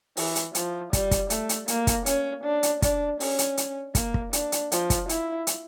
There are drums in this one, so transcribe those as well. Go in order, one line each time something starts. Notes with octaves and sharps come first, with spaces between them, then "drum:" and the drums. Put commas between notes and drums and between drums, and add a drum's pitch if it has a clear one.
E3, drum: open hi-hat
drum: hi-hat
F3, drum: hi-hat
G3, drum: kick, hi-hat
drum: kick, hi-hat
A3, drum: hi-hat
drum: hi-hat
A#3, drum: hi-hat
drum: kick, hi-hat
C#4, drum: hi-hat
D4
drum: hi-hat
D4, drum: kick, hi-hat
C#4, drum: open hi-hat
drum: hi-hat
drum: hi-hat
A#3, drum: kick, hi-hat
drum: kick
D4, drum: hi-hat
drum: hi-hat
F3, drum: hi-hat
drum: kick, hi-hat
E4, drum: hi-hat
drum: hi-hat